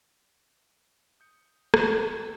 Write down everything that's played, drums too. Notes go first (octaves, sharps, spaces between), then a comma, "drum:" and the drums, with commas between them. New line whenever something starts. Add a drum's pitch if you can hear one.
D#6 G6 C#7
E2 G5 C#6 E6, drum: rim click